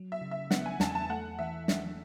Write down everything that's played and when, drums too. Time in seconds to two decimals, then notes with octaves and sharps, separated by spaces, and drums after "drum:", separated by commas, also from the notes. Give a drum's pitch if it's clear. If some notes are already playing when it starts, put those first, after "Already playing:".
Already playing: F#3
0.12 E5
0.21 C#3
0.31 E5
0.51 B3 F#5, drum: snare
0.66 G#5
0.80 E2 A5, drum: snare
0.95 A5
1.10 A3 F#5
1.39 E3 E5
1.68 drum: snare